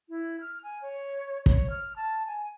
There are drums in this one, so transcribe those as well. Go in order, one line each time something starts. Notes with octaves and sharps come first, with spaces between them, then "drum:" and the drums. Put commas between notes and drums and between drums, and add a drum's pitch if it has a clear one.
E4
F6
G#5
C#5
C#5, drum: kick
F6
A5
G#5